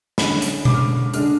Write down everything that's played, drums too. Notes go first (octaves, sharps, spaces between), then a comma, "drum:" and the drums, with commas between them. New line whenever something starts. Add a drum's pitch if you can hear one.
D3 G#3 C#4 B5, drum: snare
drum: hi-hat
D6, drum: tom B2
F6
D6
D3 G#3 D4 F6, drum: hi-hat